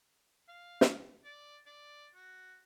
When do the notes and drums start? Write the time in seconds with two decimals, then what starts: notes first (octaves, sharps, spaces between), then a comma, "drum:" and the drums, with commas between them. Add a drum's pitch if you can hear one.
0.48 F5
0.81 drum: snare
1.24 D5
1.66 D5
2.15 F#4